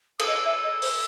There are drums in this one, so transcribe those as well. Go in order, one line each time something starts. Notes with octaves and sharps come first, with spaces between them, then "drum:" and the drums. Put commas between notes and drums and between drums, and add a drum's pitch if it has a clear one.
D#6, drum: cymbal
D#5 E6
E5
D#5
C5, drum: open hi-hat